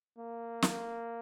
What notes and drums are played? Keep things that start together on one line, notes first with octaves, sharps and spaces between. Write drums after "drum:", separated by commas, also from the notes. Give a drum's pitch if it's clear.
A#3
drum: snare